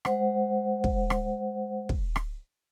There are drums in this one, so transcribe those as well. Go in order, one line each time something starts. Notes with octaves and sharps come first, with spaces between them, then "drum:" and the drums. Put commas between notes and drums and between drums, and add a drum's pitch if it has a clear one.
G#3 C5 F#5, drum: rim click
drum: kick
drum: rim click
drum: kick
drum: rim click